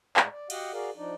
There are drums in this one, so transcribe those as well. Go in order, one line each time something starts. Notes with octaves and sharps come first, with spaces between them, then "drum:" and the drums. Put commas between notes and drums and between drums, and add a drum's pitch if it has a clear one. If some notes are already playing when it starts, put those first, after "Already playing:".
A2 G#3 D5, drum: clap
D5
F#4 G4 D#5 F5 F#5, drum: cymbal
F#4 G#4 A#4 D5 F5
F3 D4 D#4 D5